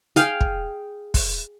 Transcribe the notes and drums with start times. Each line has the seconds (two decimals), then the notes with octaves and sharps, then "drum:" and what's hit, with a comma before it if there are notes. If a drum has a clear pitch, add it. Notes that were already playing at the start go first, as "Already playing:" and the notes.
0.16 G#4 F5 G5, drum: hi-hat
0.41 drum: kick
1.14 drum: kick, open hi-hat